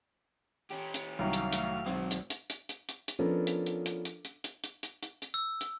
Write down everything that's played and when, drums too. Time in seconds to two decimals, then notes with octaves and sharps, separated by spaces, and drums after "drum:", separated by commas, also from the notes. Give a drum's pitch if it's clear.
0.71 C#4 G4
0.94 drum: hi-hat
1.19 C2 D#3 F#3 F#4 F5
1.33 drum: hi-hat
1.53 A2, drum: hi-hat
1.86 B1 G#2 C4
2.11 drum: hi-hat
2.30 drum: hi-hat
2.50 drum: hi-hat
2.69 drum: hi-hat
2.89 drum: hi-hat
3.08 drum: hi-hat
3.19 F3 B3 C#4 D4 A4 A#4
3.47 drum: hi-hat
3.66 drum: hi-hat
3.86 drum: hi-hat
4.05 drum: hi-hat
4.25 drum: hi-hat
4.44 drum: hi-hat
4.64 drum: hi-hat
4.83 drum: hi-hat
5.03 drum: hi-hat
5.22 drum: hi-hat
5.34 E6
5.61 drum: hi-hat